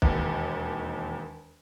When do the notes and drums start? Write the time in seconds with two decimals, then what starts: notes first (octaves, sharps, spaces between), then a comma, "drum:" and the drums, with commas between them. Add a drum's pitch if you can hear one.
0.02 E1 D#2, drum: kick